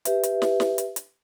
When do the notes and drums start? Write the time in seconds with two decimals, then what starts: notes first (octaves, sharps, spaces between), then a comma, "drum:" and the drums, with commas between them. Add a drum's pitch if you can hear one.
0.05 G4 B4 E5, drum: hi-hat
0.23 drum: hi-hat
0.42 drum: snare
0.60 drum: snare
0.78 drum: hi-hat
0.96 drum: hi-hat